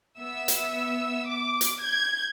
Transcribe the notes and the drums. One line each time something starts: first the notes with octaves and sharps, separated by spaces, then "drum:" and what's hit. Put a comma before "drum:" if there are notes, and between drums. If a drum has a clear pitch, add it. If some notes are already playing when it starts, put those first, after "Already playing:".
B3 E5 E6
drum: hi-hat
D6
drum: hi-hat
G6 G#6